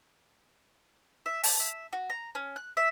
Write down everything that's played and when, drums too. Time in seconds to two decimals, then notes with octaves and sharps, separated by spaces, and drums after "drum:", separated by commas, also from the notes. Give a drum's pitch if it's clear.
1.26 E5
1.43 A5, drum: open hi-hat
1.60 E5
1.93 F#4
2.10 A#5
2.35 C#4
2.56 F#6
2.77 E5